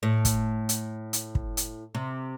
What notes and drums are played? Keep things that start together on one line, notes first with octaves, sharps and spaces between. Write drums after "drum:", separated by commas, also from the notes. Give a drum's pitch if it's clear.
A2
drum: kick, hi-hat
drum: hi-hat
drum: hi-hat
drum: kick
drum: hi-hat
C3